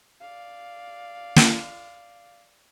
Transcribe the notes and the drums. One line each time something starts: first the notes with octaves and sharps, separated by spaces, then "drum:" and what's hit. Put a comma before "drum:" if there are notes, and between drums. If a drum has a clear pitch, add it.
D5 F5
drum: snare